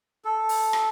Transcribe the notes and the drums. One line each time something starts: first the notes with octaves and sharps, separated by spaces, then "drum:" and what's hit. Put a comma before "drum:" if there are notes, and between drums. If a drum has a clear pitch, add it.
A4
drum: open hi-hat
drum: rim click